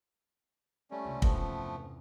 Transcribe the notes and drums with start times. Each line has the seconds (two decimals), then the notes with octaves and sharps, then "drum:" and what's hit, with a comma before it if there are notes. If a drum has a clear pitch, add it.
0.91 G3 A3 A#3 C#4
1.05 C#2 C3
1.22 E2 G2 F3 A3 B3, drum: kick